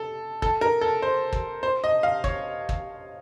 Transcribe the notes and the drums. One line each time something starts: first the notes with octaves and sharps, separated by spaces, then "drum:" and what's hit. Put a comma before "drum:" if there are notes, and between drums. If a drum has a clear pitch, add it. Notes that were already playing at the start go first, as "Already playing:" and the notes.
Already playing: A4
A4, drum: kick
A#4
A4
C5
drum: kick
C5
D#5
F5
C#5, drum: kick
drum: kick